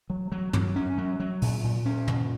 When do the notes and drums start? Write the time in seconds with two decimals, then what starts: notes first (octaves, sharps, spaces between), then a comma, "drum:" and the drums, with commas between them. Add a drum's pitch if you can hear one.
0.10 F#3
0.32 F#3
0.53 F#3, drum: tom G2
0.76 C#4
0.98 F#3
1.20 F#3
1.42 A#2, drum: open hi-hat
1.64 A#2
1.86 C#4
2.08 A#2, drum: tom